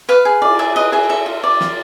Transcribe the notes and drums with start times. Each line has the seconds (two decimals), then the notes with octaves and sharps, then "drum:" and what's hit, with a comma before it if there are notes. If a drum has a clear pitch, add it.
0.09 B4 F5
0.25 G#4
0.42 D5, drum: cymbal
0.59 G#4 E5
0.76 B4 D#5
0.92 G#4 E5
1.09 A4 E5
1.26 F4
1.43 D5
1.61 F4, drum: snare